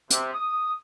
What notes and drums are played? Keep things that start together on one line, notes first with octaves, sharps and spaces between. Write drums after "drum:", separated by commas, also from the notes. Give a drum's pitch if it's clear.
C3, drum: hi-hat
D#6